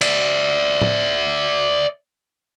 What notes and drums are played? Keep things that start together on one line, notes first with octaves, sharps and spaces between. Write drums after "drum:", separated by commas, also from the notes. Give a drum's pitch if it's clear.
D5 E5, drum: cymbal
drum: tom A2